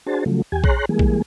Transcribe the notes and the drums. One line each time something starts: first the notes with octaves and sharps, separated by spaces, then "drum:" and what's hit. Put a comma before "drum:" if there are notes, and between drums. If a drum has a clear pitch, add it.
D4 F#4 G#4 C5 A5
C#3 F3 F#3 A3
E2 G4 G#5
G#4 C#5 A#5 C6 F#6, drum: kick A#1
E3 G3 G#3 A#3 G#4
drum: kick A#1